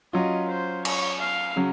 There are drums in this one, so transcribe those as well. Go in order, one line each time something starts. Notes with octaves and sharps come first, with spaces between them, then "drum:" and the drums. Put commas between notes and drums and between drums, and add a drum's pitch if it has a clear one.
F#3 C#4 F4 D#5
C5
C#5, drum: cymbal
F5
C#3 F#3 C#4